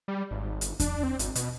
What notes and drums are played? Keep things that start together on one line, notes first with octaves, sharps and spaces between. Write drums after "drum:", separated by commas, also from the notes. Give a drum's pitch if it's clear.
G3
G#1
G1, drum: hi-hat
D4, drum: kick E2, hi-hat
C4
G#1, drum: hi-hat
B2, drum: hi-hat